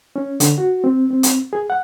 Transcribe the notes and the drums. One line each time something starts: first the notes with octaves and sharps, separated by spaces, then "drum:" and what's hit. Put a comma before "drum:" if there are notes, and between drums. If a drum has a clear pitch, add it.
C#4
D3, drum: hi-hat
F#4
C4
C4
drum: hi-hat
G#4
F#5